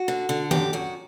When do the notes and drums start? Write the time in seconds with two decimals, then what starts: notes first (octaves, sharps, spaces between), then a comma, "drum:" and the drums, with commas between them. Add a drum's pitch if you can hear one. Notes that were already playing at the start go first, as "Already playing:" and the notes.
Already playing: F#4
0.08 D3
0.29 D3
0.51 F#2 G4, drum: tom D#3
0.73 F#2 F#4